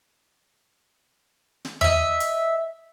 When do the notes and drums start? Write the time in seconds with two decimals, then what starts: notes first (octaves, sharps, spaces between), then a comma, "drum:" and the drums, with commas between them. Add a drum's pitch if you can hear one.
1.65 drum: snare
1.81 D#5 E5, drum: tom E2
2.20 drum: hi-hat